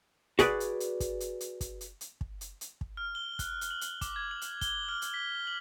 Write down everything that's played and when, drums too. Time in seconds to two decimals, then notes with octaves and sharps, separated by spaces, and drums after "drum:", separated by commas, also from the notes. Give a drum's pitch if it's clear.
0.39 F#4 G#4 B4 D5, drum: kick, hi-hat
0.60 drum: hi-hat
0.80 drum: hi-hat
1.00 drum: kick, hi-hat
1.20 drum: hi-hat
1.41 drum: hi-hat
1.61 drum: kick, hi-hat
1.81 drum: hi-hat
2.01 drum: hi-hat
2.21 drum: kick
2.41 drum: hi-hat
2.61 drum: hi-hat
2.81 drum: kick
2.97 F6
3.15 G7
3.39 F#6, drum: kick, hi-hat
3.61 drum: hi-hat
3.71 F#7
3.81 drum: hi-hat
4.01 D6, drum: kick, hi-hat
4.16 G#6
4.31 F#7
4.42 drum: hi-hat
4.61 G7, drum: kick, hi-hat
4.89 F6
5.02 drum: hi-hat
5.14 B6
5.47 F#7